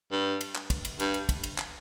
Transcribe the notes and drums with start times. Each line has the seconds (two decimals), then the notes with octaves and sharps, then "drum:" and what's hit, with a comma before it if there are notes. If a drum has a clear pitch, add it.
0.11 G2
0.41 drum: cymbal
0.55 drum: clap
0.70 drum: kick, cymbal
0.85 drum: cymbal
1.00 G2, drum: cymbal
1.14 drum: cymbal
1.29 drum: kick, cymbal
1.44 drum: cymbal
1.58 drum: clap